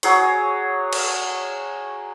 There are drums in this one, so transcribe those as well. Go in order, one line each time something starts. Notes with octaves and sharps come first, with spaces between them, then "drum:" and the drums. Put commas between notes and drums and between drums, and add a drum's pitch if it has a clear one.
F#3 G#4 C#5, drum: hi-hat
drum: cymbal